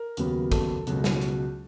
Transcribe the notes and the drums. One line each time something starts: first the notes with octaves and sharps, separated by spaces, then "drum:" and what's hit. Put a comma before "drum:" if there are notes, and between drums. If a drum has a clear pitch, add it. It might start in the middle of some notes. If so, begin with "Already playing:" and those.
Already playing: A#4
D#2 C#3 F#3 B3, drum: hi-hat
A4, drum: kick, hi-hat
C#2 B2 F#3, drum: hi-hat
drum: snare
drum: hi-hat